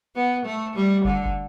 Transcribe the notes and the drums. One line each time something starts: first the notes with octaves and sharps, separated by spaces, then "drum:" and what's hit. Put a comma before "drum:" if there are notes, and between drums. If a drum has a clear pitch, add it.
B3
A3
G3
D3, drum: kick
drum: kick